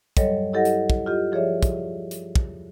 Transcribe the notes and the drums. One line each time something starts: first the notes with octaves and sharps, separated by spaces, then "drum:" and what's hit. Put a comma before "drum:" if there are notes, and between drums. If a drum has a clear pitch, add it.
G2 F#3 G3 A4 C#5 D#5, drum: kick, hi-hat
E4 G4 A4 D#5 F#5 A#6
drum: hi-hat
drum: kick
F4 G4 D#5
F3 G#4 C#5 D5 E5
drum: kick, hi-hat
drum: hi-hat
drum: kick